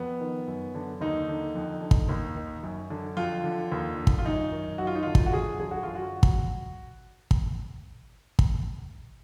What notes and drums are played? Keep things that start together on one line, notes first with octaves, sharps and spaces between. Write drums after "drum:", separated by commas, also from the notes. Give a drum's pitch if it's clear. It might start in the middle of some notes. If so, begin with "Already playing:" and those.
Already playing: F2 B3
D#3
F#2
D3
D#2 D#4
D3
F2
D3
drum: kick
D#2
D#3
F#2
D3
F2 F4
D3
D#2
D3
drum: kick
F4
F#2 D#4
D#3
F#2 F#4
F4
D#4
D3 F4
drum: kick
F#4
F#2 G#4
D3 G#4
F#4
F#2 F4
F#4
drum: kick
drum: kick
drum: kick